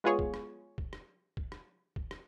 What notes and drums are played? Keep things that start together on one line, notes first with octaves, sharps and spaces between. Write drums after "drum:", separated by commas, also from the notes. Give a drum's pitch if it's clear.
G#3 B3 F4 G#4 C#5
drum: kick
drum: rim click
drum: kick
drum: rim click
drum: kick
drum: rim click
drum: kick
drum: rim click